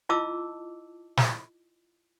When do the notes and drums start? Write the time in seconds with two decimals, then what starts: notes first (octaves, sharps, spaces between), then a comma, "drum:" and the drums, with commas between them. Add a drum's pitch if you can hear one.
0.09 E4 F4 D#5 A5 D6 E6
1.17 drum: snare